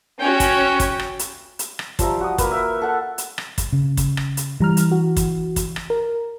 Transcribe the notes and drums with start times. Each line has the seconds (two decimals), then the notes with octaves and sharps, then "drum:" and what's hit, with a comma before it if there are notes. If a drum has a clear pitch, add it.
0.20 C#4 F#4 G5
0.40 drum: kick, hi-hat
0.80 drum: kick, hi-hat
0.99 drum: rim click
1.19 drum: hi-hat
1.59 drum: hi-hat
1.79 drum: rim click
1.99 F3 G3 E5 A#5, drum: kick, hi-hat
2.21 F#4 D#6
2.38 A#3 B4, drum: kick, hi-hat
2.51 A#4 E5
2.81 A4 F#5 A5
3.18 drum: hi-hat
3.38 drum: rim click
3.58 drum: kick, hi-hat
3.73 C#3
3.97 drum: kick, hi-hat
4.17 drum: rim click
4.37 drum: hi-hat
4.60 E3 G3 A#5 F6
4.77 drum: hi-hat
4.91 F#4
5.17 drum: kick, hi-hat
5.56 drum: kick, hi-hat
5.76 drum: rim click
5.90 A#4